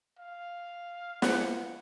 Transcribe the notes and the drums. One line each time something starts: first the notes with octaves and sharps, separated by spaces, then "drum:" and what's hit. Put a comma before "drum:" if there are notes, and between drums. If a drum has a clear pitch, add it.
F5
B4 F#5, drum: snare